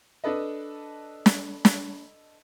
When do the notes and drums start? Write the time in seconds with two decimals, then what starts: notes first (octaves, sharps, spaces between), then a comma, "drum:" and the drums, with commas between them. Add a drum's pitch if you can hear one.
0.24 D4 A4 B4 D#5
1.26 drum: snare
1.65 drum: snare